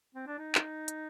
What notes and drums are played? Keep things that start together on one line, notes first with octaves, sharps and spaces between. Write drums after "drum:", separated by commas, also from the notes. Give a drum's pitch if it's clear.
C4
D4
D#4
drum: clap
drum: hi-hat